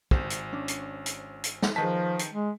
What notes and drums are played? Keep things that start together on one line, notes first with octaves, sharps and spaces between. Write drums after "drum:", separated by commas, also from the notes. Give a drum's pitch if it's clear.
G#1 G4 C5, drum: kick
drum: hi-hat
C#4 D4
drum: hi-hat
drum: hi-hat
drum: hi-hat
drum: snare
D#3 F3 D#4 G#4 B4 A5 B6
drum: hi-hat
G#3